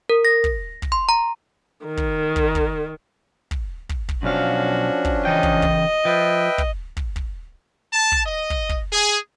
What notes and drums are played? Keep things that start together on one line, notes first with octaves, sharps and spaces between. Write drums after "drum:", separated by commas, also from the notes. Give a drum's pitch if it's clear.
A#4
A#6
drum: kick
drum: kick
C6
A#5
D#3
drum: kick
drum: kick
drum: kick
drum: kick
drum: kick
drum: kick
B1 F3 C#4 D4 F#4 F5
drum: kick
C#3 E3 D#5 G5
drum: kick
drum: kick
F3 B4 E5 G5
drum: kick
drum: kick
drum: kick
A5
drum: kick
D#5
drum: kick
drum: kick
G#4